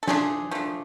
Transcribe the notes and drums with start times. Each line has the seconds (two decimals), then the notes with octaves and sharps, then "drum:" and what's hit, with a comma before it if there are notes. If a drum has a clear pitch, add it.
0.03 A4
0.08 F3 A3 D4 G#4, drum: snare
0.51 F3 A3 D4